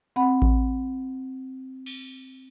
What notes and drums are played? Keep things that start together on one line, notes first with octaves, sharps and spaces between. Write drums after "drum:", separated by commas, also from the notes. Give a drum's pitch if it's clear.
C4 F#5 B5
drum: kick A1
drum: cymbal